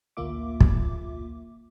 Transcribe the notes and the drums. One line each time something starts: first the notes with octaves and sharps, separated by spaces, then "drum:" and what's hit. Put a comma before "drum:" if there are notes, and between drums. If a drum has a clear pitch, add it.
A1 D2 A#3 F4 E5 D6
drum: kick